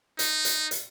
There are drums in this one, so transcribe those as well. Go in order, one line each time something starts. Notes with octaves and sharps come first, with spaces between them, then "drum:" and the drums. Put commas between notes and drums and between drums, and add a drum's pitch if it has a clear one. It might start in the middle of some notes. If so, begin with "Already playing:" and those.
D#4, drum: hi-hat
drum: hi-hat
drum: hi-hat